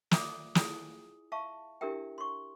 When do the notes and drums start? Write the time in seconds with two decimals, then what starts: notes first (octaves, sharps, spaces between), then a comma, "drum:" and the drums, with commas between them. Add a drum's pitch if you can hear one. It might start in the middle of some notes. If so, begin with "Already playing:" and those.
0.11 F4 D5 E5 D6 D#6, drum: snare
0.55 E4 F4 G#4 G#5 D#6, drum: snare
1.32 E5 F5 A5 C#6
1.81 D4 E4 G4 A#4 E5 G5
2.18 C6 C#6